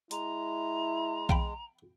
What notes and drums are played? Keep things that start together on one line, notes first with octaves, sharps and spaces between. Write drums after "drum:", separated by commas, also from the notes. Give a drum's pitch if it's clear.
G#3 E4 A#5, drum: hi-hat
F5 G5 B5, drum: kick B1